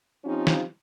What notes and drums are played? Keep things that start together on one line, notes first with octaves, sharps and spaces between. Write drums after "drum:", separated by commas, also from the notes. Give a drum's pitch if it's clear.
F3 C4 C#4 D#4 F4 G4
drum: snare